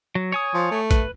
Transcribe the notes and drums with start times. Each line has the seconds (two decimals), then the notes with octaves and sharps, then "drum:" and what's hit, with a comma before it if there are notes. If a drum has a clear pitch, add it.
0.15 F#3
0.32 C#5 G#5 D#6
0.54 F3
0.71 A3
0.91 B4, drum: kick, hi-hat